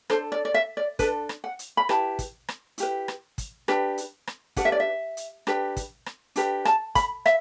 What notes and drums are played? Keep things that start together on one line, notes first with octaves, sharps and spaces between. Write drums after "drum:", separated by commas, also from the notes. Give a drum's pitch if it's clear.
D4 A4 C5, drum: rim click
D5
D5
E5
D5
D4 A4 B4, drum: kick, hi-hat
drum: rim click
F#5
drum: hi-hat
B5
E4 G4 B4 A5, drum: rim click
drum: kick, hi-hat
drum: rim click
E4 G4 B4, drum: hi-hat
drum: rim click
drum: kick, hi-hat
D4 G4 B4, drum: rim click
drum: hi-hat
drum: rim click
D4 G4 B4 F#5, drum: kick, hi-hat
E5
D5
E5
drum: hi-hat
D4 G4 B4, drum: rim click
drum: kick, hi-hat
drum: rim click
D4 G4 B4, drum: hi-hat
A5, drum: rim click
B5, drum: kick, hi-hat
E5, drum: rim click